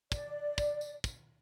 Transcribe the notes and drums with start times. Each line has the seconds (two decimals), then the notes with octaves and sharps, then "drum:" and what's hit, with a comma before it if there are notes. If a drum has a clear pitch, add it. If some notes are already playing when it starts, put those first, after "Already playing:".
0.12 D5, drum: kick, tambourine
0.58 drum: kick, tambourine
0.81 drum: tambourine
1.04 drum: kick, tambourine